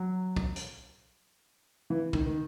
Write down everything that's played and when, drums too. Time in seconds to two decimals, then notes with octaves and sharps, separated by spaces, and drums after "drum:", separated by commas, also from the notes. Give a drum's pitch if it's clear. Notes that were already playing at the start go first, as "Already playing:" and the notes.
Already playing: F#3
0.36 drum: kick
0.56 drum: hi-hat
1.90 E3
2.13 D#3, drum: kick
2.26 D#3